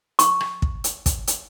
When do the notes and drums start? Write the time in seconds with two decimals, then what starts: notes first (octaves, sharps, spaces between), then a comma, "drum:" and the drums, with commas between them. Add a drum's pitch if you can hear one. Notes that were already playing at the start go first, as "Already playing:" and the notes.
0.19 C#6, drum: hi-hat
0.41 drum: rim click
0.62 drum: kick
0.84 drum: hi-hat
1.06 drum: kick, hi-hat
1.27 drum: hi-hat